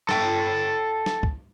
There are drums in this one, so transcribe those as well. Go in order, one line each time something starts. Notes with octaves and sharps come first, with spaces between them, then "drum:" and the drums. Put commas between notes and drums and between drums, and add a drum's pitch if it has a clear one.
A4 G5, drum: snare
drum: snare
drum: kick